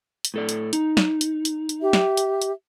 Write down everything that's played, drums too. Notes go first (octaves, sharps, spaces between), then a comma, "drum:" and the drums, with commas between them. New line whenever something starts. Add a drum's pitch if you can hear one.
drum: hi-hat
A2 A4 D5
drum: hi-hat
D#4, drum: hi-hat
drum: snare
drum: hi-hat
drum: hi-hat
drum: hi-hat
G4 E5
drum: snare
drum: hi-hat
drum: hi-hat